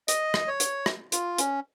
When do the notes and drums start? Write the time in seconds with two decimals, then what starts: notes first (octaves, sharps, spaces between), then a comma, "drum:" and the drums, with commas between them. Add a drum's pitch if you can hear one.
0.08 D#5, drum: hi-hat
0.34 drum: rim click
0.48 C#5
0.60 drum: hi-hat
0.86 drum: rim click
1.12 F4, drum: hi-hat
1.38 C#4, drum: hi-hat